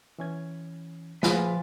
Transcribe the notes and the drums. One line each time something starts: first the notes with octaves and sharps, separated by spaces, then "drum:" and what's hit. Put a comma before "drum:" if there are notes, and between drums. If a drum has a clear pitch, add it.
E3 C#4 G#6
F3 F4 G#4 B4 F5 G#5, drum: snare